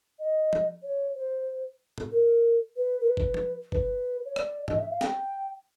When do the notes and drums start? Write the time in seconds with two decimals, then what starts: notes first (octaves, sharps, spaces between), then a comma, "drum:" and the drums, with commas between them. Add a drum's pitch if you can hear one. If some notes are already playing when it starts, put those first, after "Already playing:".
0.19 D#5
0.53 drum: tom
0.83 C#5
1.15 C5
1.98 drum: tom
2.11 A#4
2.76 B4
3.00 A#4
3.07 B4
3.17 drum: kick G1
3.34 drum: tom
3.72 B4, drum: kick G1
4.25 C#5
4.36 D5, drum: rim click
4.68 D#5, drum: tom
4.79 E5
4.90 F5
5.01 G5, drum: snare